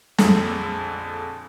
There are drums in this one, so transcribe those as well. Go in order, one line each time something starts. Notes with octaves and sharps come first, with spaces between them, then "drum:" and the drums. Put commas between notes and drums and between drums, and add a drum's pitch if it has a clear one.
A#1 F2 D3 G#4 A4, drum: snare